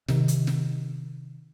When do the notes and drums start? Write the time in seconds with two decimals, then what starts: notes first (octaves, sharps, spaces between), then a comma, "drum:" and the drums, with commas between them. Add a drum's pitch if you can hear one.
0.08 C3 D#3, drum: snare
0.28 drum: hi-hat
0.47 drum: snare